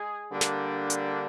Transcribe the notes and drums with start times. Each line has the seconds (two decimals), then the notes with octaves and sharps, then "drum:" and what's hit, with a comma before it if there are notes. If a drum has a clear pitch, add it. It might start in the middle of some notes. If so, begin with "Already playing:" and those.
Already playing: G#3 G#4
0.32 D3 G3 A#3 D4
0.41 drum: snare
0.90 drum: hi-hat